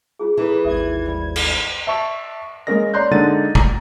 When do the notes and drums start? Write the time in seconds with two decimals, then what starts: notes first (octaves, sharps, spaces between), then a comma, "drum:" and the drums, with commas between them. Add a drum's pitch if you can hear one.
0.19 F4 G#4
0.37 E3 E4 G#4 A4 B5
0.65 G#1 D#2 E5 D#6 G#6
1.06 G3
1.36 A4, drum: cymbal
1.87 E5 A5 C#6
2.67 G#3 A#3 C#4 A#4 D#5 A#6
2.94 C#5 D5 A#5 C6 F#6 G6
3.11 D3 G#3 A#3 D#4 A6 D#7
3.55 A#5, drum: kick